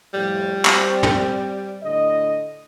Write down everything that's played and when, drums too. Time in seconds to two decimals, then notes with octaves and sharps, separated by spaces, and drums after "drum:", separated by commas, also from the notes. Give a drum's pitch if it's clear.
0.14 F2 A2 G3
0.65 C4, drum: clap
1.03 drum: tom
1.83 A2 D3 D#5